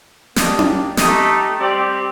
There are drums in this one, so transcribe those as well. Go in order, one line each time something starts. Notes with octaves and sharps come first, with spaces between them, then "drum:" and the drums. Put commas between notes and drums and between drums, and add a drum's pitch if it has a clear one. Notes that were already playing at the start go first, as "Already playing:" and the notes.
A#3 D4 G4 D#5, drum: snare
drum: tom C#4
A3 D#4 G4 D#5, drum: snare
G3 C4 G4 D5